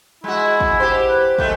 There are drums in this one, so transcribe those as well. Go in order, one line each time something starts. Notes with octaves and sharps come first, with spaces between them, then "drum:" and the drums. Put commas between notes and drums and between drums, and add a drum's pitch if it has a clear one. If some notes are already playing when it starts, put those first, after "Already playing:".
G#3 E4 F#4
drum: kick
G4 C5
B4
G#3 A3 G5, drum: kick